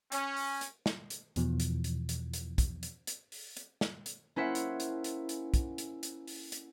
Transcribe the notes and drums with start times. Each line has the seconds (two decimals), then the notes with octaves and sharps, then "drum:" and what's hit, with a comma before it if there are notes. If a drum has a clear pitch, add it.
0.12 C#4, drum: hi-hat
0.37 drum: open hi-hat
0.61 drum: hi-hat
0.86 drum: snare
1.10 drum: hi-hat
1.36 E2 B2 E3 F3, drum: hi-hat
1.60 drum: hi-hat
1.84 drum: hi-hat
2.09 drum: hi-hat
2.34 drum: hi-hat
2.58 drum: kick, hi-hat
2.83 drum: hi-hat
3.07 drum: hi-hat
3.32 drum: open hi-hat
3.57 drum: hi-hat
3.81 drum: snare
4.06 drum: hi-hat
4.36 A#3 C#4 E4 C5 E5 F#5
4.55 drum: hi-hat
4.80 drum: hi-hat
5.04 drum: hi-hat
5.29 drum: hi-hat
5.54 drum: kick, hi-hat
5.78 drum: hi-hat
6.03 drum: hi-hat
6.27 drum: open hi-hat
6.52 drum: hi-hat